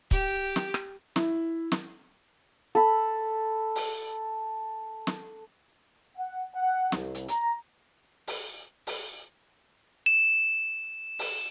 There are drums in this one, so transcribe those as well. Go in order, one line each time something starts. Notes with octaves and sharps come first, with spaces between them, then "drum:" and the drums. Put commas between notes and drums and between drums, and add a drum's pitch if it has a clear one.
G4, drum: kick C#1
drum: snare
drum: rim click
E4, drum: snare
drum: snare
A4 B5
drum: open hi-hat
drum: snare
F#5
F#5
C2, drum: snare
drum: hi-hat
A#5, drum: hi-hat
drum: open hi-hat
drum: open hi-hat
E7
drum: open hi-hat